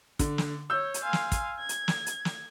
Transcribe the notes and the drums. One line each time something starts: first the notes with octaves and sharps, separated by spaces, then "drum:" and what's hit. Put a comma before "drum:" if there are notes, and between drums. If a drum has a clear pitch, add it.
D3, drum: kick, hi-hat
drum: snare
C#5 E6 G6
drum: hi-hat
F5 G#5 C6
drum: snare
drum: kick, hi-hat
G#6
drum: hi-hat
drum: snare
drum: hi-hat
drum: snare